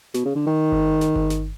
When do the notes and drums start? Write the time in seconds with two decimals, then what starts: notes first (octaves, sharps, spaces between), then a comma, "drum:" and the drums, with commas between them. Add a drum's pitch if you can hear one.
0.14 B2, drum: snare
0.25 C#3
0.35 D3
0.47 D#3
0.72 drum: kick G1
1.01 drum: snare
1.16 drum: kick G1
1.30 drum: snare